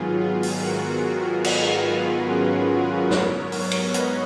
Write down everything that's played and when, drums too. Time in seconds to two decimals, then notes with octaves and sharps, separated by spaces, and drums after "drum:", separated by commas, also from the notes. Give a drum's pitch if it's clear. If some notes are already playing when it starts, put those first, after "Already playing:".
Already playing: G#2 D#3 F#3 B3 F4 G#4
0.21 F4 G#4
0.43 drum: open hi-hat
0.62 F#4 A#4
1.44 G#4 B4, drum: cymbal
1.86 F4 G#4
2.28 C#4 F4
3.11 G#2 F#3 B3 A#4 C#5, drum: snare
3.52 A#4 C#5, drum: open hi-hat
3.71 drum: cymbal
3.94 B4 D#5, drum: hi-hat